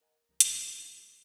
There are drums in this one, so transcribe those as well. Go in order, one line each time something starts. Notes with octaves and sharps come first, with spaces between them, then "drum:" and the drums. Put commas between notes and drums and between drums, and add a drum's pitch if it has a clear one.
A#4 D#5 F#5 G#5 A#5
C2 E3 G3 A#4 D#6 G6
B4 A#5 D#6, drum: hi-hat
G#4 C#5
D4 D#4 G4 F#5
G3 G#4